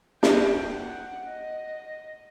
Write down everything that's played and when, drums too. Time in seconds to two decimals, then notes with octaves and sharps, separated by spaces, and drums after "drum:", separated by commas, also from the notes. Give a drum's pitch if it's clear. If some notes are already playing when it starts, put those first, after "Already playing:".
0.23 G5, drum: snare
0.67 F#5
1.26 D#5